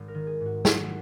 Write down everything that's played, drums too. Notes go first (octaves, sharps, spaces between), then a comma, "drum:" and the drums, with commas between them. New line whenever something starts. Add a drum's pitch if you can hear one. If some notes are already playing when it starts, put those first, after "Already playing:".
Already playing: G#1
A#4
D#3
G#4
G#2
F#4
F#3 F#4, drum: snare